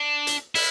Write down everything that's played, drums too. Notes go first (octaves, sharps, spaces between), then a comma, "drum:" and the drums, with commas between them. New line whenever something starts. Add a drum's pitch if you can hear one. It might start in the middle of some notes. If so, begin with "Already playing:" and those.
Already playing: D4
drum: hi-hat
E4, drum: open hi-hat